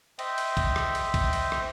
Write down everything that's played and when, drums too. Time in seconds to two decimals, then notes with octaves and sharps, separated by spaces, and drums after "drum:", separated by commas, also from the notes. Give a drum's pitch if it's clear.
0.19 C5 D#5 E5 G5, drum: cymbal
0.38 drum: cymbal
0.57 drum: kick A#1, cymbal
0.76 drum: rim click
0.95 drum: cymbal
1.14 drum: kick A#1, cymbal
1.33 drum: cymbal
1.52 drum: rim click